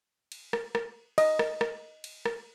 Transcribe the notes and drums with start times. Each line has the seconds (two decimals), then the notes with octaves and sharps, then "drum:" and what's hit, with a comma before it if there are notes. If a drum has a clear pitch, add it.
0.32 drum: cymbal
0.53 drum: rim click
0.75 drum: rim click
1.18 D#5, drum: cymbal
1.39 drum: rim click
1.61 drum: rim click
2.04 drum: cymbal
2.26 drum: rim click